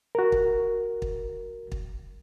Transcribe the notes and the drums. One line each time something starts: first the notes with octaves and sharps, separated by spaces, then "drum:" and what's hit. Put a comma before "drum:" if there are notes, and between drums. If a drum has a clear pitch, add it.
F#4 A#4
drum: kick
drum: kick
drum: kick